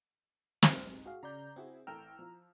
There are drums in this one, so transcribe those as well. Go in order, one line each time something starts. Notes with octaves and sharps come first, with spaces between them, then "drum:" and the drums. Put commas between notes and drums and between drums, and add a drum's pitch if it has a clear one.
G#2 G#3 D#4, drum: snare
F#4 G#4 F5
C#3 D5 A#5 G6
C4 E4 F#4 G#4
A1 A4 G5 A#5 E6 F6
F3